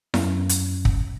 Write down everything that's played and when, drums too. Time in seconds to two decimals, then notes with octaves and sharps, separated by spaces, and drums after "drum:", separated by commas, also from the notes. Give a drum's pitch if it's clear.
0.14 F#2, drum: snare E4
0.49 drum: hi-hat
0.85 drum: kick